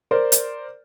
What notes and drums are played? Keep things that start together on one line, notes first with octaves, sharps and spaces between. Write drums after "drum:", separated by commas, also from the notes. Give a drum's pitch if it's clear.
A#4 C5 D5
drum: hi-hat